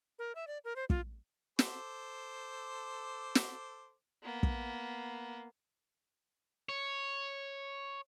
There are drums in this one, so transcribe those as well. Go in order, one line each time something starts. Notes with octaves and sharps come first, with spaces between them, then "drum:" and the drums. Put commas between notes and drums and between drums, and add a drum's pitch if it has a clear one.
A#4
E5
D5
A#4
C5
F4, drum: kick
A4 C5 D6, drum: snare
drum: snare
A#3 B3
drum: kick
C#5